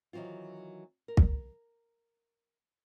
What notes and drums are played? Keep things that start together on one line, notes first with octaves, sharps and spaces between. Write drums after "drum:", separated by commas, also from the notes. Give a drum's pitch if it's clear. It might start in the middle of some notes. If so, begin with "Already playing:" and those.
D#3 E3 F#3 C4 F4
A#4
drum: kick